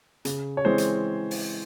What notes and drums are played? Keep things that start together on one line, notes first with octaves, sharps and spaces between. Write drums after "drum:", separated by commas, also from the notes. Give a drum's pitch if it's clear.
C#3, drum: hi-hat
C#5
E3 G#3 C4 C5
drum: hi-hat
drum: open hi-hat